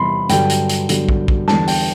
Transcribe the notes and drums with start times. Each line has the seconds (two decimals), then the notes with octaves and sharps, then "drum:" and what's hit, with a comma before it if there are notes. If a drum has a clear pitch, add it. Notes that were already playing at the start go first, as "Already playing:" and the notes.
Already playing: E2 C3 G3 B5 C6
0.29 G2 D3 F#3 G5, drum: hi-hat
0.49 drum: hi-hat
0.69 drum: hi-hat
0.89 G2 D3 F#3, drum: hi-hat
1.09 drum: kick
1.28 drum: kick
1.48 E2 D3 G3 A5, drum: snare
1.67 G5, drum: open hi-hat